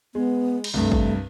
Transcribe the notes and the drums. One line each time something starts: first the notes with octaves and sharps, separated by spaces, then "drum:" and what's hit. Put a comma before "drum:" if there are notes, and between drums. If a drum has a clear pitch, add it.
G#3 B3
drum: cymbal
C2 G2 A3
drum: kick G#1